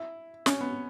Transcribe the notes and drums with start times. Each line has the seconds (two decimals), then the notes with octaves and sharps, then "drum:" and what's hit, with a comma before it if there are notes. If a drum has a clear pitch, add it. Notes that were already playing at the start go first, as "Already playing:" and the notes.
Already playing: E4
0.46 C#4, drum: snare
0.61 B3